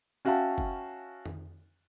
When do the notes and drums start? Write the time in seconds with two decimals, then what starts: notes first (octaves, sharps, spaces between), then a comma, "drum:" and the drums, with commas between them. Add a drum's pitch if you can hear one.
0.25 C#4 F#4 E5 F5 G5 A5
0.58 drum: kick F#1
1.26 drum: tom F2